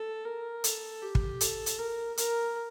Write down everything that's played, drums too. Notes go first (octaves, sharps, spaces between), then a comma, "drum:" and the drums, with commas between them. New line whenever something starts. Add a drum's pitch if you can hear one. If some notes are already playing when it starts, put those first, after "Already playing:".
Already playing: A4
A#4
A4, drum: hi-hat
G4
drum: kick
A4, drum: hi-hat
drum: hi-hat
A#4
A#4, drum: hi-hat